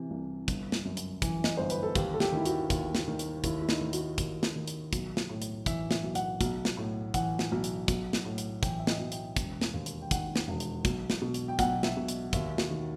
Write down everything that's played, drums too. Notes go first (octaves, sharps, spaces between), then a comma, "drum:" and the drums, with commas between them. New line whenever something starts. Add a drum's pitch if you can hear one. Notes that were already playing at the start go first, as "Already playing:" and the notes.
Already playing: C3 E3
C2
G1, drum: kick, hi-hat
drum: snare
F#2
drum: hi-hat
E3, drum: kick, hi-hat
D#5, drum: snare
G1 C5
B4, drum: hi-hat
A4
D#2 G4, drum: kick, hi-hat
A4
G4, drum: snare
D#3 E4
F#4, drum: hi-hat
D#2, drum: kick, hi-hat
drum: snare
D#3
drum: hi-hat
D#2 E4, drum: kick, hi-hat
E4
D#4, drum: snare
D#3
F#4, drum: hi-hat
D#2, drum: kick, hi-hat
drum: snare
D#3
drum: hi-hat
B1, drum: kick, hi-hat
drum: snare
A2
drum: hi-hat
E3 E5, drum: kick, hi-hat
E5, drum: snare
B1
F#5, drum: hi-hat
B1, drum: kick, hi-hat
drum: snare
A2
E3 F#5, drum: kick, hi-hat
drum: snare
B1
drum: hi-hat
B1, drum: kick, hi-hat
drum: snare
A2
drum: hi-hat
E3 G5, drum: kick, hi-hat
E5
D#5, drum: snare
B1
G5, drum: hi-hat
E1, drum: kick, hi-hat
drum: snare
D#2
drum: hi-hat
G5
D#3 F#5, drum: kick, hi-hat
drum: snare
E1
drum: hi-hat
B1, drum: kick, hi-hat
drum: snare
B2
drum: hi-hat
G5
B1 F#5, drum: kick, hi-hat
E5, drum: snare
B2
drum: hi-hat
D#2 E5, drum: kick, hi-hat
F#4, drum: snare
D#3